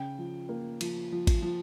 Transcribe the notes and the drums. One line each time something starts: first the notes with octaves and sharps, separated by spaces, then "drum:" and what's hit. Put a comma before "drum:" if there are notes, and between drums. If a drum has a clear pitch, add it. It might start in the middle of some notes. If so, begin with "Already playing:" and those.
Already playing: C#3 G5
F3
A#3
F3, drum: cymbal
F3
drum: kick A1, cymbal
F3